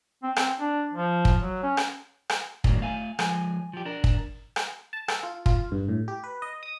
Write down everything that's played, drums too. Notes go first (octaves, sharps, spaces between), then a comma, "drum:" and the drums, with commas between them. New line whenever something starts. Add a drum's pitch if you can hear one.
C4
C4, drum: rim click
D4
F3
drum: kick
F#3
C#4
drum: rim click
drum: rim click
A2 D#3 F#3 A#3 D4, drum: kick
A3 F5 G#5
F3 G#3 G#5, drum: rim click
F3 G4
D4 A#4
drum: kick
drum: rim click
A5
A4, drum: rim click
F4
F4, drum: kick
G2
A2
G4
B4
D#5
D#6